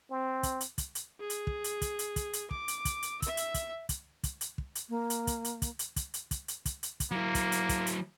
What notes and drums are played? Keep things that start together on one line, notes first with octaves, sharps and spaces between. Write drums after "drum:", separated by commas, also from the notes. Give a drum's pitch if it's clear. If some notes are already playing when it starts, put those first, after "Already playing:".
C4
drum: kick, hi-hat
drum: hi-hat
drum: kick, hi-hat
drum: hi-hat
G#4
drum: hi-hat
drum: kick
drum: hi-hat
drum: kick, hi-hat
drum: hi-hat
drum: kick, hi-hat
drum: hi-hat
D6, drum: kick
drum: hi-hat
drum: kick, hi-hat
drum: hi-hat
E5 E6, drum: kick, hi-hat
drum: hi-hat
drum: kick, hi-hat
drum: kick, hi-hat
drum: kick, hi-hat
drum: hi-hat
drum: kick
drum: hi-hat
A#3
drum: hi-hat
drum: kick, hi-hat
drum: hi-hat
drum: kick, hi-hat
drum: hi-hat
drum: kick, hi-hat
drum: hi-hat
drum: kick, hi-hat
drum: hi-hat
drum: kick, hi-hat
drum: hi-hat
drum: kick, hi-hat
F#3 A#3 E4
drum: kick, hi-hat
drum: hi-hat
drum: kick, hi-hat
drum: hi-hat